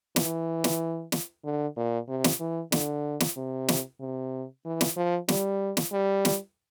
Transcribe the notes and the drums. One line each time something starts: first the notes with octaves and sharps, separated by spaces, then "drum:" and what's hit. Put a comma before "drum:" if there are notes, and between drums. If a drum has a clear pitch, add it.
E3, drum: snare
drum: snare
drum: snare
D3
A#2
C3
drum: snare
E3
D3, drum: snare
drum: snare
C3
drum: snare
C3
E3
drum: snare
F3
G3, drum: snare
drum: snare
G3
drum: snare